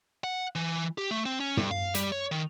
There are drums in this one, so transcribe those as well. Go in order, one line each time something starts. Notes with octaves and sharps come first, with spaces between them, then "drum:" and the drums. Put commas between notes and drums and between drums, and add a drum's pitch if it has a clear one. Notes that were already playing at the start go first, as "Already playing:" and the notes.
F#5
E3
G4
A3
C4
C#4
G2, drum: tom
F5
G3, drum: hi-hat
C#5
D#3